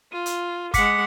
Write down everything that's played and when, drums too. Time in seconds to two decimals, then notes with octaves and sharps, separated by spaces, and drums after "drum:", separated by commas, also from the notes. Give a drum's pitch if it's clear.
0.12 F4 D#7
0.26 drum: hi-hat
0.74 G#3 F#5 D6 B6 C#7, drum: kick F#1, hi-hat